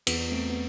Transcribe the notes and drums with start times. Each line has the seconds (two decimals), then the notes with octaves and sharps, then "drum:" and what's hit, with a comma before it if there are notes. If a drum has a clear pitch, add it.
0.07 E2 B3, drum: cymbal
0.31 A3 C4
0.50 B3